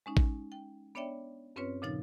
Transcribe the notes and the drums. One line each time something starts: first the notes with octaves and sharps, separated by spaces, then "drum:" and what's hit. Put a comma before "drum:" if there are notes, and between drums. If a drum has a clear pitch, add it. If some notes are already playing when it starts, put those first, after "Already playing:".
G#3 C#4 D#4
drum: kick A1
G5
B3 D4 C#5 D5 E5 G5
G2 C4 C#4 F4 B4 C#5
A#2 C#3 F3 D#4 A6